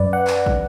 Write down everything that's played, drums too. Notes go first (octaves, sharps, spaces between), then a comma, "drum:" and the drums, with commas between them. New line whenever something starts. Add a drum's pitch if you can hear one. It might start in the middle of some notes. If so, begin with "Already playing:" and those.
Already playing: F#2 B4 D5
F#5
drum: clap
drum: kick